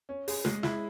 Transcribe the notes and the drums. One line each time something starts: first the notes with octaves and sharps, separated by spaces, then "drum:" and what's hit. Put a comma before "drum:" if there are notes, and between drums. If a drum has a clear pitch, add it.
C#4
G#4, drum: open hi-hat
G#3, drum: snare
E4, drum: snare